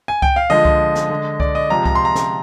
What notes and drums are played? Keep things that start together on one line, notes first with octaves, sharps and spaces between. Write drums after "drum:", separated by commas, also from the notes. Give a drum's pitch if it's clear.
G#5
G5, drum: kick C2
F5
D3 F3 G#3 D#5
drum: kick C2
drum: snare
D3 G#3
D5, drum: kick C2
D#5
C3 F3 G#3 A#5
A#5, drum: kick C2
C6
A#5
drum: snare